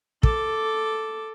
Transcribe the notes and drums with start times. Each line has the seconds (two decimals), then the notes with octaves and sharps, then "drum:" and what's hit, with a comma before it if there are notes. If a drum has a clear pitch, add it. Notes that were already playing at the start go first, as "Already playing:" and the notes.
0.23 A4 D6, drum: kick